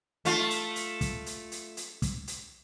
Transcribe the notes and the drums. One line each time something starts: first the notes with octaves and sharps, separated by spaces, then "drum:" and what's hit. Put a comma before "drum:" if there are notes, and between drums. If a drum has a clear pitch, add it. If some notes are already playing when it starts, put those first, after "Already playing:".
A3 F4, drum: hi-hat
drum: hi-hat
drum: hi-hat
drum: kick, hi-hat
drum: hi-hat
drum: hi-hat
drum: hi-hat
drum: kick, hi-hat
drum: hi-hat